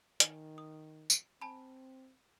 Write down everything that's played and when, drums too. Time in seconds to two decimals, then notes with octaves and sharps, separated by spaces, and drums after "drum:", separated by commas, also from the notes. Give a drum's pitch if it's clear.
0.20 D#3 G#5, drum: hi-hat
0.58 D#6
1.10 drum: tambourine
1.41 C4 G#5 A5 B5